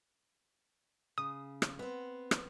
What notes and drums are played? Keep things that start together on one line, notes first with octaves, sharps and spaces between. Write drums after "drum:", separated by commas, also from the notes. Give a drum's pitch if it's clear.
C#3 D#6
drum: rim click
B3 C4
drum: rim click